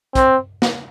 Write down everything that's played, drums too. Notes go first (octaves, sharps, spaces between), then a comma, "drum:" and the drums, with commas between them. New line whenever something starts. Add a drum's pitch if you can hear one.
C4, drum: kick, hi-hat
drum: snare